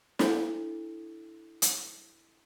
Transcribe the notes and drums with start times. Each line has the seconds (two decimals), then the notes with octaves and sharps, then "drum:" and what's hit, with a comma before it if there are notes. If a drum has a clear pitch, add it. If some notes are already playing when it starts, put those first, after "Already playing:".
0.19 D4 E4 A4, drum: snare
1.62 drum: hi-hat